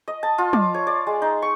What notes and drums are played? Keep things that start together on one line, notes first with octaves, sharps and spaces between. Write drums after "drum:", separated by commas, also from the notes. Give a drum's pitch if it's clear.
D#5
A5
F4
D6, drum: tom
C#5
D5
G#3
D#4
C#6